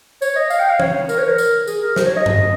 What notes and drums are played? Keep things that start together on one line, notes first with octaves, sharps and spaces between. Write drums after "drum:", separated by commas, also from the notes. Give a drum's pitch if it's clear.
C#5, drum: tambourine
D#5
F5, drum: tambourine
G5
F5
C#5, drum: tom E3
A#4, drum: tambourine
C#5
A#4
drum: tambourine
G#4, drum: tambourine
A#4
C5, drum: snare
C#5
D#5
drum: tom G2